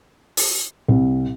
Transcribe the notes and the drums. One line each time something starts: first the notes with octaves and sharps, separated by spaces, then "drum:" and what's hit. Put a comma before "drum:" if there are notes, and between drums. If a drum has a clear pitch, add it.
drum: open hi-hat
C2